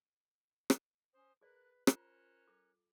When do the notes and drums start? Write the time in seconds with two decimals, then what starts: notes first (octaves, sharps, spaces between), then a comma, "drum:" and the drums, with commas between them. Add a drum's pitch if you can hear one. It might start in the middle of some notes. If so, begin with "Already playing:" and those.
0.70 drum: rim click
1.13 C#4 C5 D#6
1.41 G#4 A#4 B4 D5 F#6
1.87 C#4 F4 A#4 C5 A#5 F#6, drum: rim click
2.47 A4 D6